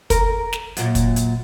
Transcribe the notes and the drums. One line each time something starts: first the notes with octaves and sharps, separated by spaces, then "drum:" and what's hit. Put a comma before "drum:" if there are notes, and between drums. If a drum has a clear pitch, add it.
A#4, drum: kick, hi-hat
drum: snare
F#2 A#2, drum: hi-hat
drum: kick, hi-hat
drum: hi-hat